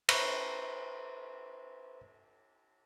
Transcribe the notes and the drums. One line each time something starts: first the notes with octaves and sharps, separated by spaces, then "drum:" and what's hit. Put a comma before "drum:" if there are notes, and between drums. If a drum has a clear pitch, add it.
B4 C5 E5 A#5 C6 C#6, drum: cymbal